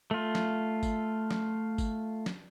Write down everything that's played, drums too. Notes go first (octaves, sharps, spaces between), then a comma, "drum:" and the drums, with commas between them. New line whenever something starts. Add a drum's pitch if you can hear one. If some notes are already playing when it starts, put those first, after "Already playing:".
A3 F4
drum: snare
drum: kick G1, tambourine
drum: snare
drum: kick G1, tambourine
drum: snare